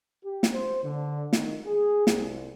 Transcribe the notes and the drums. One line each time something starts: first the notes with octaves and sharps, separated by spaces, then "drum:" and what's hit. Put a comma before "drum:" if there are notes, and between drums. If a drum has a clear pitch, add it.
G4
drum: snare
C5
D3
D#3, drum: snare
G#4
C2, drum: snare